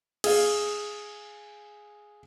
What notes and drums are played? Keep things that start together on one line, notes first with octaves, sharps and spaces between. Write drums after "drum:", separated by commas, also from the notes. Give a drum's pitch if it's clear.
G#4 F5, drum: cymbal